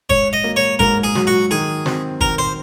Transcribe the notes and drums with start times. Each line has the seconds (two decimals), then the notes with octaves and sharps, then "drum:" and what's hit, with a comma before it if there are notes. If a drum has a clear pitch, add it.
0.10 G#2 C#5, drum: kick
0.33 D#5
0.44 A#3
0.56 C#5
0.79 G#2 A#4, drum: kick
1.04 G#4
1.15 F#3, drum: snare
1.27 F#4
1.51 D#3 G#4
1.86 C4, drum: snare
2.20 D#3 A#4, drum: kick
2.38 C5